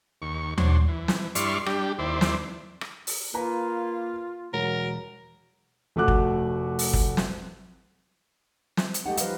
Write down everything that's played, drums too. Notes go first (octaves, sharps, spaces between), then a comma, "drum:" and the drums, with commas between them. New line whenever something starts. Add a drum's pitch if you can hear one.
D#2 C#6
F#3 D4 C5 C#5, drum: tom D#2
E3
drum: snare
G2 E4 D5 C6 C#6 F6, drum: hi-hat
G3 D4 G4, drum: rim click
D#2 E4 C5 D5
drum: snare
drum: rim click
drum: open hi-hat
A#3 F4 B4 A#5
E1 F#3 A#4
F1 A3 F#4 D6 F#6
drum: kick
drum: open hi-hat
drum: kick
drum: snare
drum: snare
drum: hi-hat
A3 D#4 G4 D#5 F#5
F3 G3 B4 F5, drum: hi-hat